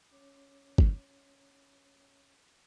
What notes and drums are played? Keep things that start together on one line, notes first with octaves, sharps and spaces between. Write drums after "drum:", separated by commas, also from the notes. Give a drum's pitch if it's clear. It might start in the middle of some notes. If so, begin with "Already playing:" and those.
C#4 C#5 D6
drum: kick